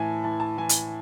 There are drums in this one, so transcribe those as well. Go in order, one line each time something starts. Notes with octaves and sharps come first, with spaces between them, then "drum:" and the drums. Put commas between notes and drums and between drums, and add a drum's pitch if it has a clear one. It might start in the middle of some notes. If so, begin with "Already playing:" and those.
Already playing: A2 E3 G#5 A5
E3 A5
A5
E3 G#5
drum: hi-hat